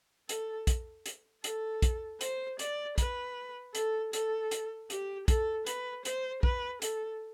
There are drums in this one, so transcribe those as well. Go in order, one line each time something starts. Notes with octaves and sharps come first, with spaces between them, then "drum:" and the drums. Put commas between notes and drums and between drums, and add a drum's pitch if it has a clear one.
A4, drum: hi-hat
drum: kick, hi-hat
drum: hi-hat
A4, drum: hi-hat
drum: kick, hi-hat
C5, drum: hi-hat
D5, drum: hi-hat
B4, drum: kick, hi-hat
A4, drum: hi-hat
A4, drum: hi-hat
drum: hi-hat
G4, drum: hi-hat
A4, drum: kick, hi-hat
B4, drum: hi-hat
C5, drum: hi-hat
B4, drum: kick
A4, drum: hi-hat